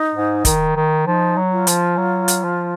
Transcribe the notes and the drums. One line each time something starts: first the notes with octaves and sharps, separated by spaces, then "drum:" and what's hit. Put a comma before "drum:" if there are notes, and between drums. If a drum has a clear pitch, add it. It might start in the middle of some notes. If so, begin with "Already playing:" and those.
Already playing: D#4
G#2
D#3, drum: kick, hi-hat
D#3
F3 D#4
F#3
F4
F3, drum: hi-hat
F#3
drum: hi-hat
F3